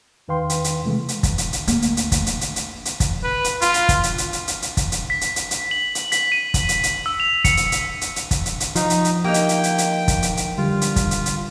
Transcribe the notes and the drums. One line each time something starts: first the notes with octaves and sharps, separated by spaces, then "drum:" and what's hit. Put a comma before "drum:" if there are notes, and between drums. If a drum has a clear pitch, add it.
E2 D#3 B4 F5 G5 C6
drum: hi-hat
drum: hi-hat
C3 E3 G#3 A3
drum: hi-hat
drum: kick, hi-hat
drum: hi-hat
drum: hi-hat
D2 A#3, drum: hi-hat
drum: hi-hat
drum: hi-hat
drum: kick, hi-hat
drum: hi-hat
drum: hi-hat
drum: hi-hat
drum: hi-hat
drum: kick, hi-hat
B4
drum: hi-hat
F4, drum: hi-hat
drum: hi-hat
drum: kick, hi-hat
drum: hi-hat
drum: hi-hat
drum: hi-hat
drum: hi-hat
drum: hi-hat
drum: kick, hi-hat
drum: hi-hat
B6
drum: hi-hat
drum: hi-hat
drum: hi-hat
F#7
drum: hi-hat
B6, drum: hi-hat
D#7
drum: kick, hi-hat
drum: hi-hat
drum: hi-hat
E6
F7
C#7, drum: kick, hi-hat
drum: hi-hat
drum: hi-hat
drum: hi-hat
drum: hi-hat
drum: kick, hi-hat
drum: hi-hat
drum: hi-hat
F3 D#4, drum: hi-hat
drum: hi-hat
drum: hi-hat
A#3 D#4 G4 G5
drum: hi-hat
drum: hi-hat
drum: hi-hat
drum: hi-hat
drum: kick, hi-hat
drum: hi-hat
drum: hi-hat
D3 G3 F4
drum: hi-hat
drum: kick, hi-hat
drum: hi-hat
drum: hi-hat